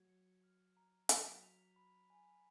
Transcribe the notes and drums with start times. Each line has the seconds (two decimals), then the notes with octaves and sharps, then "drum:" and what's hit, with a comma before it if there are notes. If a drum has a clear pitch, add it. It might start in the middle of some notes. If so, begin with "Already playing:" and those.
Already playing: F#3 G#6
0.09 C#7
0.44 F6
0.77 A#5
1.09 F#3 B6, drum: hi-hat
1.43 F7
1.76 B5
2.10 G#5